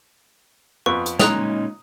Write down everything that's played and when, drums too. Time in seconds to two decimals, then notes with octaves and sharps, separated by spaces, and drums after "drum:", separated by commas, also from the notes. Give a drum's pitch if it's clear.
0.86 F2 B3 C#6 F#6
1.06 drum: hi-hat
1.19 A#2 G#3 C#4 D#4 A#5 D#6 F#6 F7, drum: snare